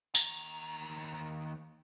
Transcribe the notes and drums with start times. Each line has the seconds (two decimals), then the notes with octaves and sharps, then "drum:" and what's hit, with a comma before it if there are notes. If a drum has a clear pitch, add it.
0.15 D#2 A#5, drum: tambourine